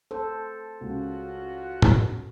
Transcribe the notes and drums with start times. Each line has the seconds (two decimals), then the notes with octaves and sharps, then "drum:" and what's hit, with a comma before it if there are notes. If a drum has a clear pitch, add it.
0.11 A4 C5
0.81 C#2 C#4 F4 F#4
1.82 drum: tom